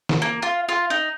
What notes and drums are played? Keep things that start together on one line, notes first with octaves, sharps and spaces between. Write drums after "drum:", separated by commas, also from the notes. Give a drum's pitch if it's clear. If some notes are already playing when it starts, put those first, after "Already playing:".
drum: snare
A#3
F4
F4
D#4